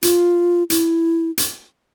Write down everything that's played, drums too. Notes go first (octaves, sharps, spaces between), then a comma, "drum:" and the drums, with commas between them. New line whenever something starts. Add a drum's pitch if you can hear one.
F4, drum: hi-hat
E4, drum: hi-hat
drum: hi-hat